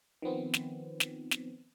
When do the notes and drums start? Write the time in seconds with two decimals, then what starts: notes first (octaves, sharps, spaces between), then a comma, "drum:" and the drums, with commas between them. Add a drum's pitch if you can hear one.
0.22 D#3 F3 B3 C4
0.54 drum: snare
1.00 drum: snare
1.31 drum: snare